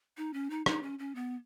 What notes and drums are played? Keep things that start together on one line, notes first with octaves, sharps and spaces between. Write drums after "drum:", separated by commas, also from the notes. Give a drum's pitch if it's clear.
D#4
C#4
D#4
D#4, drum: rim click
C#4
C#4
B3